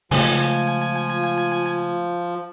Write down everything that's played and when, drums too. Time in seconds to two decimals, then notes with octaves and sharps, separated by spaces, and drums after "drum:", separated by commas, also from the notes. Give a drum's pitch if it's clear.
0.11 C#3 F3 G#3 A3 F4 G#5, drum: open hi-hat